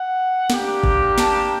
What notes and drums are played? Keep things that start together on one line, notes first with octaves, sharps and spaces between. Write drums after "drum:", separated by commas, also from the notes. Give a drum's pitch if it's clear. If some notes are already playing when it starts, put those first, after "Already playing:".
Already playing: F#5
A#3 D4 G4, drum: snare
drum: kick
A5, drum: snare